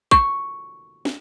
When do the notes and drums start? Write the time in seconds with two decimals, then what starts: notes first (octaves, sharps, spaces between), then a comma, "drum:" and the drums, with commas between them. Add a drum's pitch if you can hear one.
0.11 C#6, drum: kick
1.05 drum: snare